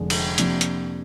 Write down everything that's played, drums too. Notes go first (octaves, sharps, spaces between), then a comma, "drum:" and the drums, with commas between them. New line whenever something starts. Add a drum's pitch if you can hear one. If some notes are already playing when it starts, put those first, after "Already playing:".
Already playing: F1 F2 D3 G#3 D4
drum: cymbal
F2 C3 F3 A#3 D4, drum: hi-hat
drum: hi-hat